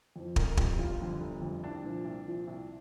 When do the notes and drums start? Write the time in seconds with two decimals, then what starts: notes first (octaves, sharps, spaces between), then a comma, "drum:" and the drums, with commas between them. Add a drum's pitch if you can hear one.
0.16 F2 F3
0.36 F1 A#4, drum: kick
0.57 F2 F3 G4, drum: kick
0.79 G1 F4
1.00 F2 D3 G3
1.21 G1
1.42 F2 D3 G3
1.64 C2 D4
1.84 A#2 F3
2.05 C2
2.27 A#2 F3
2.47 C2